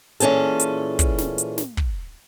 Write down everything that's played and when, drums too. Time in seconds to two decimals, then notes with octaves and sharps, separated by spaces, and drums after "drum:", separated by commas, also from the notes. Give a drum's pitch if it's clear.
0.20 A#2 E3 C#4 G#4 A4, drum: hi-hat
0.60 drum: hi-hat
0.99 drum: kick, hi-hat
1.18 drum: snare
1.38 drum: hi-hat
1.58 drum: snare
1.77 drum: kick